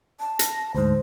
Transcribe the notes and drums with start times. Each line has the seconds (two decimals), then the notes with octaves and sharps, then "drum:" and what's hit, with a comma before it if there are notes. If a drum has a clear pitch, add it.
0.20 A5
0.39 A#6, drum: hi-hat
0.75 D2 G#2 C5